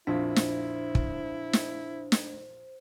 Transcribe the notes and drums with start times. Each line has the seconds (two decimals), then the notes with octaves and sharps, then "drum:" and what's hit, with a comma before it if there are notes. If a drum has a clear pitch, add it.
0.07 A#1 F2 D4 E4 C5
0.36 drum: snare
0.95 drum: kick
1.53 drum: snare
2.12 drum: snare